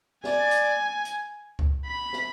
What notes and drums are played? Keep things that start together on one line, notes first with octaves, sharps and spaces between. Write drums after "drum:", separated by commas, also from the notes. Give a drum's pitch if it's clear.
D5 G#5, drum: snare
drum: hi-hat
drum: hi-hat
drum: kick C#2
B5
drum: snare